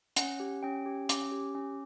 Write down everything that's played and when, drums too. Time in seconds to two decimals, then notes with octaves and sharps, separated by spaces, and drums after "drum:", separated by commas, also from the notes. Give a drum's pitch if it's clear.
0.16 C#4 F#5, drum: hi-hat
0.40 G4
0.63 C#4 G5
0.86 G4
1.09 C#4 D6, drum: hi-hat
1.32 G4
1.55 C#4